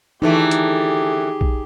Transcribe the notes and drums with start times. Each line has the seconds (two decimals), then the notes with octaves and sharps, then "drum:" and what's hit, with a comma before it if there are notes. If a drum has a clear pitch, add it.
0.22 D3 E3 A3 D#4 G4 G#4
0.51 drum: hi-hat
1.41 drum: kick A#1